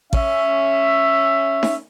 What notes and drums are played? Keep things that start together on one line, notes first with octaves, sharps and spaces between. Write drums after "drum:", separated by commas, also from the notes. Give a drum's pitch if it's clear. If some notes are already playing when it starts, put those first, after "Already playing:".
C#4 E5, drum: kick A1
drum: snare D#4